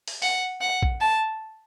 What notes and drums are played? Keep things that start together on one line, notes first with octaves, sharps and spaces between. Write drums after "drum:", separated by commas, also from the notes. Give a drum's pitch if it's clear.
drum: open hi-hat
F#5, drum: open hi-hat
F#5
drum: kick A#1
A5